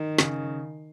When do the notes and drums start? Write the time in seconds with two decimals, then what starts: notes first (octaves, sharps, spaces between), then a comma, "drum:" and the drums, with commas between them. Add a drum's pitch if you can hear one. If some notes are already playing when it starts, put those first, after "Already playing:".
Already playing: D#3
0.18 C#3, drum: snare